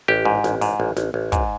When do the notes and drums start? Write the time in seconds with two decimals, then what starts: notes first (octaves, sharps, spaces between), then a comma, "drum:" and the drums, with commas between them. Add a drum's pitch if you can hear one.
0.08 A1 G4
0.25 G#2
0.44 A1, drum: snare
0.61 G#2, drum: open hi-hat
0.80 A1
0.97 A1, drum: snare
1.14 A1
1.32 G#2, drum: kick, hi-hat